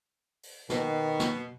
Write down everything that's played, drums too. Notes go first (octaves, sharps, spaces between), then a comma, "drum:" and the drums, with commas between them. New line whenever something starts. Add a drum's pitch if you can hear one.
drum: open hi-hat
B2 D#3, drum: snare
drum: snare